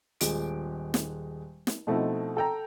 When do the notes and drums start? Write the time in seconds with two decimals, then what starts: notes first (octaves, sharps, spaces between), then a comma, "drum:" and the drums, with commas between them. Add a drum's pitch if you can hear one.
0.21 D#1 G#3 D7, drum: hi-hat
0.94 drum: snare
1.67 drum: snare
1.87 B2 F3 A3 C4 D#4 E4
2.37 A4 G5 A#5